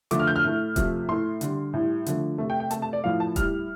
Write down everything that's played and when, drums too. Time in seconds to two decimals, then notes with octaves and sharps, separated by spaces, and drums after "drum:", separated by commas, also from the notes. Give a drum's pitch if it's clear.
0.11 D3 F3 A3 D6, drum: hi-hat
0.20 F6
0.27 G6
0.36 F6
0.44 A2 A3
0.76 C3 F3 A3, drum: kick D#1, hi-hat
1.08 A2 A3 C6
1.41 D3 G3, drum: hi-hat
1.74 A2 G3
2.06 D3 F3 A3, drum: hi-hat
2.38 C3 A3
2.50 G5
2.60 G5
2.71 C3 A3 A5, drum: hi-hat
2.82 A5
2.93 D5
3.04 A2 F3 A3 F5
3.20 A5
3.36 A2 G3 F6, drum: kick D#1, hi-hat